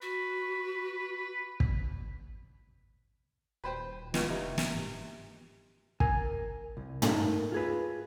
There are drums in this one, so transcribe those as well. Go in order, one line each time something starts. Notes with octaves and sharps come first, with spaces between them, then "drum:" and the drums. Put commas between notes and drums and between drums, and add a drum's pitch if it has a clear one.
F#4 B4
drum: kick
D#1 B4 C5 G5
C#2 E3 F4 C#6, drum: snare
F1 C3 D#4
A#3, drum: snare
G#2
A#4 G#5, drum: kick
C2
G#2 A3 D#4 A4 A#4 E5, drum: tom
F4 G#4 B4